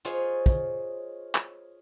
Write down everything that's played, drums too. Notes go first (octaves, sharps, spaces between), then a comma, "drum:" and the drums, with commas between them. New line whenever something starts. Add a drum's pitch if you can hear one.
F4 G#4 C5 C#5 D#5 G#5, drum: hi-hat
drum: kick
drum: clap